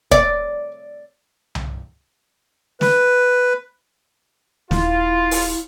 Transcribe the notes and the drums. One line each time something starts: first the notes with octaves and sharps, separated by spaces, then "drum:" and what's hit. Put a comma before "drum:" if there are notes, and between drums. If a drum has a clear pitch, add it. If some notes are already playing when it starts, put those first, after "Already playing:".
D5, drum: kick
drum: tom C2
B4, drum: snare
D#1 E4 F4, drum: snare
drum: open hi-hat